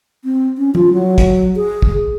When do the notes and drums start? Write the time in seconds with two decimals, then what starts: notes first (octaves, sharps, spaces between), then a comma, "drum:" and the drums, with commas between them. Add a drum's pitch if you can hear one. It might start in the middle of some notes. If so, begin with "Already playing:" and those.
0.25 C4
0.58 C#4
0.75 F4, drum: tom F3
0.93 F#3
1.18 drum: kick, hi-hat
1.56 G#4
1.82 drum: kick